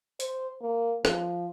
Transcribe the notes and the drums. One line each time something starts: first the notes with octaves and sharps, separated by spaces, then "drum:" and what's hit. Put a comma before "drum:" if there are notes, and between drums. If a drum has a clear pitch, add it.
C5, drum: hi-hat
A#3
F3, drum: rim click